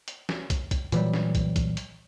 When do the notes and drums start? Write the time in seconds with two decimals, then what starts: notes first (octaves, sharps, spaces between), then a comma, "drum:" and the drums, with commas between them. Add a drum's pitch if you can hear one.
0.08 drum: hi-hat
0.29 drum: snare
0.50 drum: kick, hi-hat
0.71 drum: kick, hi-hat
0.92 A#2 E3 F#3 G3, drum: hi-hat
1.14 drum: snare
1.35 drum: kick, hi-hat
1.56 drum: kick, hi-hat
1.77 drum: hi-hat